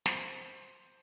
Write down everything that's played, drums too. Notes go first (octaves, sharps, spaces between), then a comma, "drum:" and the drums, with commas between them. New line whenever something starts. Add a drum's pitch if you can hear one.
C5, drum: snare